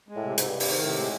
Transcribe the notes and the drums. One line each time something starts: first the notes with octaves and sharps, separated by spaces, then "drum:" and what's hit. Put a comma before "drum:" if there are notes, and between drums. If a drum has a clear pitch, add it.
G#3
A2
C3
G#2 C3, drum: hi-hat
G2
C3
G2, drum: open hi-hat
G#2 D#3
A2 C3
G#3